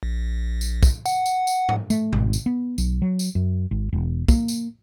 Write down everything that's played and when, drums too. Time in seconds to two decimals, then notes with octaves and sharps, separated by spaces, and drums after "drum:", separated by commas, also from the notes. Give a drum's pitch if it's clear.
0.03 A#1
0.61 drum: tambourine
0.83 drum: kick, tambourine
1.06 F#5, drum: tambourine
1.26 drum: tambourine
1.47 drum: tambourine
1.69 drum: tom G#2
1.90 A3, drum: tambourine
2.13 G#1, drum: tom B2
2.33 drum: tambourine
2.46 B3
2.78 B1, drum: tambourine
3.02 F#3
3.19 drum: tambourine
3.35 F#2
3.71 G#1
3.93 E1
4.28 A#3, drum: kick, tambourine
4.48 drum: tambourine